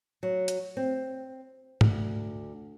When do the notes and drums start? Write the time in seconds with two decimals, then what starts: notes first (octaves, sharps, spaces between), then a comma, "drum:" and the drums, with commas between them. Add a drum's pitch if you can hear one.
0.23 F#3
0.48 drum: hi-hat
0.77 C4
1.81 D2, drum: tom G#2